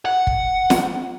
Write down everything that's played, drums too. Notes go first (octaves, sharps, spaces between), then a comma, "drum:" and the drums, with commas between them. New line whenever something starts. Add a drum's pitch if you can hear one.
F#5
drum: kick
drum: snare